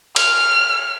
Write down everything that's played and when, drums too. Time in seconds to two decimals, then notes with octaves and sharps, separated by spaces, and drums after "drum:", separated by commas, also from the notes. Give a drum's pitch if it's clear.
0.16 F6, drum: cymbal